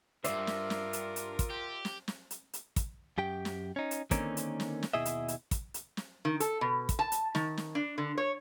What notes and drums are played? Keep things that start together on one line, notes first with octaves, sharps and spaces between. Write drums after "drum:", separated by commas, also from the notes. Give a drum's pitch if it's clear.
D2 G2 F4 A#4 C5 D5 E5, drum: hi-hat
drum: snare
drum: snare
drum: hi-hat
drum: hi-hat
drum: kick, hi-hat
G4
drum: snare
drum: snare
drum: hi-hat
drum: hi-hat
drum: kick, hi-hat
F#2 G4 G5
drum: snare
C#4 D#4
drum: hi-hat
D3 D#3 A#3 C4 C#4 D#4, drum: kick, hi-hat
drum: hi-hat
drum: snare
drum: snare
D#2 B2 E4 G#4 D#5 E5
drum: hi-hat
drum: hi-hat
drum: kick, hi-hat
drum: hi-hat
drum: snare
D#3
A4, drum: hi-hat
B2
drum: kick, hi-hat
A5
drum: hi-hat
D#3, drum: snare
drum: snare
D4
D3
C#5